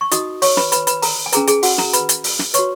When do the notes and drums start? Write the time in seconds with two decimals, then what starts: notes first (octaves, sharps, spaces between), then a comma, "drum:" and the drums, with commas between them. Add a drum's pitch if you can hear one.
0.01 C#6
0.11 D#4 F#4 A#4 D#5 D#6, drum: hi-hat
0.42 C#5 C#6, drum: open hi-hat
0.57 B4 B5, drum: snare
0.72 B4 B5, drum: hi-hat
0.87 B4 B5, drum: hi-hat
1.02 A#4 A#5, drum: open hi-hat
1.26 G#5
1.32 C#4 G#4 A#4 B4 A#5, drum: hi-hat
1.47 G#4 G#5, drum: hi-hat
1.63 F#4 F#5, drum: open hi-hat
1.78 A#4 A#5, drum: snare
1.93 B4 B5, drum: hi-hat
2.09 drum: hi-hat
2.24 drum: open hi-hat
2.39 drum: snare
2.54 B4 C#5 C#6, drum: hi-hat
2.59 F#4